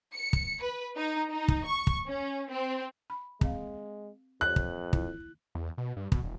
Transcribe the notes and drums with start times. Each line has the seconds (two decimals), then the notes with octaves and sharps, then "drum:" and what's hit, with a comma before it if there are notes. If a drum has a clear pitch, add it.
0.14 C#7
0.33 drum: kick
0.62 B4
0.97 D#4
1.30 D#4
1.48 drum: kick
1.66 C#6
1.87 drum: kick
2.07 C#4
2.50 C4
3.10 B5
3.41 G#3 C4 G#4 F5, drum: kick
4.41 F2 F4 C#5 F#6
4.56 drum: kick
4.93 E4, drum: kick
5.55 E2
5.78 B2
5.97 G2
6.12 B2, drum: kick
6.23 E1